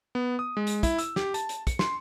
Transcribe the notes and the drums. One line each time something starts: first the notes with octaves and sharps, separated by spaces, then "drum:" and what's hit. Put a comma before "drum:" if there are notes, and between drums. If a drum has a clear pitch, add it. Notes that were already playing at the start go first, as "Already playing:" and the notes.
B3
D#6
G#3
drum: hi-hat
E4, drum: kick, hi-hat
E6, drum: hi-hat
G4, drum: snare
A5, drum: hi-hat
drum: hi-hat
C#7, drum: kick, hi-hat
C6, drum: snare